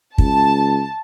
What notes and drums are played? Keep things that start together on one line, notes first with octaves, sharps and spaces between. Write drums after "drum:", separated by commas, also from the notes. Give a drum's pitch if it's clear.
C#2 A5, drum: kick